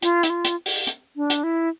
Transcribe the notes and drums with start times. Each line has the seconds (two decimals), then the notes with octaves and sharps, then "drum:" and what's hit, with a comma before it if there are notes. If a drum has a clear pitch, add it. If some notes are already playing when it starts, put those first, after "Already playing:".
0.02 F4, drum: hi-hat
0.23 E4, drum: hi-hat
0.30 F4
0.45 drum: hi-hat
0.66 drum: open hi-hat
0.87 drum: hi-hat
1.16 D4
1.30 drum: hi-hat
1.44 E4